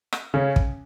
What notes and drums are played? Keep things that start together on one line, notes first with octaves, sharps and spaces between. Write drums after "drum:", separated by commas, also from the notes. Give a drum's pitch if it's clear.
drum: rim click
C#3 C#4
drum: kick